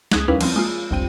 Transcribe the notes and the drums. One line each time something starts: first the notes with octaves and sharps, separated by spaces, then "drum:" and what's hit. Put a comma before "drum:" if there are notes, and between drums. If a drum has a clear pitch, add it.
C#2 D#6 F#6 G#6, drum: snare
D#2 G3 C#4 E4 B4 F5
F3 C4, drum: cymbal
G#3 A#3 F4
G1 C2 F2 G5 D#7